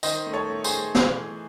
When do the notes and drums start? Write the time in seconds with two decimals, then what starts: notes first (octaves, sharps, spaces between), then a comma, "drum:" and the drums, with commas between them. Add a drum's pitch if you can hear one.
0.03 D#3 C5 D#5, drum: tambourine
0.26 A3
0.33 A4 C#5
0.50 A3
0.64 G#4 C5, drum: tambourine
0.71 A3
0.95 E3, drum: snare
1.17 A3